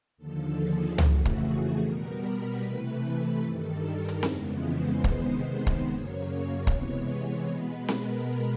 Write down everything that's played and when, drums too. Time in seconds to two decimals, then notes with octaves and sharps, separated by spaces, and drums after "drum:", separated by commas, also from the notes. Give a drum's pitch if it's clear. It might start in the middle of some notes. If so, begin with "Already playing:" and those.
0.17 D#2 D3 F3 A4
0.57 G#4
0.98 F2 C#3 E3 A3 F#4, drum: tom C#2
1.25 drum: kick
1.38 G#4
1.79 B2 G3 B3 A#4
2.20 B4
2.60 C3 E3 A3
3.42 G2 D#3 G3 A4
3.82 A#4
4.09 drum: hi-hat
4.23 F2 C#3 E3 G#3 B3, drum: snare C4
4.64 C5
5.04 C3 D#3 G#3 B3 C5, drum: kick
5.45 C5
5.67 drum: kick
5.86 F#2 C#3 F#3 A#3 C#5
6.67 C3 E3 G#3 B3, drum: kick
7.48 B2 G#3 B3 B4
7.88 A#4, drum: snare C4